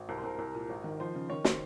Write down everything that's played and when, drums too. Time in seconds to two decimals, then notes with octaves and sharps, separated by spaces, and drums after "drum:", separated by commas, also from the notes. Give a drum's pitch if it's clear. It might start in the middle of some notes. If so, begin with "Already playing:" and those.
Already playing: G#1
0.09 C2 A#4
0.18 C5
0.24 C2 A#4
0.39 C2
0.55 A#2
0.69 G#1
0.84 D#3
1.00 F3 C5
1.15 C#3
1.30 D#3 C#5
1.45 C5, drum: snare